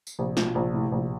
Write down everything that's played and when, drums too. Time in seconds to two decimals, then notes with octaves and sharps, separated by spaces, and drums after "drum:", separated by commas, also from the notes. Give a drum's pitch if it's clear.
0.07 drum: tambourine
0.19 A#1 C3
0.37 B2 F3, drum: snare
0.55 A#1 C3
0.73 A2 C3
0.92 A#1 C3